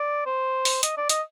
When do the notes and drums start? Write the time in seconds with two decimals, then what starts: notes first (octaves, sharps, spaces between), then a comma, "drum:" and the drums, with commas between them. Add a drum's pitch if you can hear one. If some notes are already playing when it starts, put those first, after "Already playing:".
Already playing: D5
0.26 C5
0.65 drum: open hi-hat
0.83 D#5, drum: hi-hat
0.97 D5
1.09 D#5, drum: hi-hat